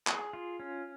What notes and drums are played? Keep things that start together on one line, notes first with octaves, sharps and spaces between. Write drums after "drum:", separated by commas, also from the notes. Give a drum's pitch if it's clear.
G#4, drum: clap
F4
C#4